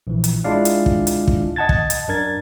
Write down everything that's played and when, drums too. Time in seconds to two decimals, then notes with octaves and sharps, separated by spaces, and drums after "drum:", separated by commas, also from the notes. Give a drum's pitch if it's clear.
0.07 A#1 E3
0.24 drum: hi-hat
0.44 G#3 D4 E4 F4 D5 F5
0.65 drum: hi-hat
0.86 drum: kick
1.07 drum: hi-hat
1.28 drum: kick
1.56 D#5 F#5 A5 G#6 A6
1.69 drum: kick
1.90 drum: hi-hat
2.08 F#2 D4 A#4 G#6 A6